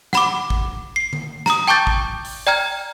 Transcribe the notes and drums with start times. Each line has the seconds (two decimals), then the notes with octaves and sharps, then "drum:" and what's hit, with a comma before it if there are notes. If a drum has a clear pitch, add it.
0.13 F#5 B5 D6, drum: snare
0.50 drum: kick
0.96 C7
1.13 drum: tom D3
1.46 A#5 D#6, drum: snare
1.68 G5 A5 C#6 D6 G6 A6
1.87 drum: kick
2.25 drum: open hi-hat
2.47 D5 G5 A#5 F6 G#6